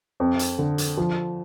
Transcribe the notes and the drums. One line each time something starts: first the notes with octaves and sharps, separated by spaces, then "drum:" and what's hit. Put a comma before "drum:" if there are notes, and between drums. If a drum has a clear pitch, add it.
F2
drum: hi-hat
D3
drum: hi-hat
F3